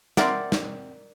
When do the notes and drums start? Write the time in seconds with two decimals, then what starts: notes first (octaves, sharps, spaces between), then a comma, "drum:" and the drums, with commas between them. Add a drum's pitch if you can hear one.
0.17 C4 A#4 D5 E5 F#5, drum: snare
0.52 drum: snare